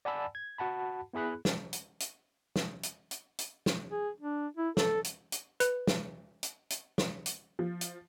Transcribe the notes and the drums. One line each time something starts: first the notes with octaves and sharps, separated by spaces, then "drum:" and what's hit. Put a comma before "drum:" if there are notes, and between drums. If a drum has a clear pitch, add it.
D5 F#5 G#5 A5 B5 E6
G#6
F#4 F#5 A5 B5
B3 E4 G#4 B5 F#6
drum: snare
drum: hi-hat
drum: hi-hat
drum: snare
drum: hi-hat
drum: hi-hat
drum: hi-hat
drum: snare
G#4
D4
E4
A4, drum: snare
drum: hi-hat
drum: hi-hat
B4, drum: hi-hat
drum: snare
drum: hi-hat
drum: hi-hat
drum: snare
drum: hi-hat
F3
drum: hi-hat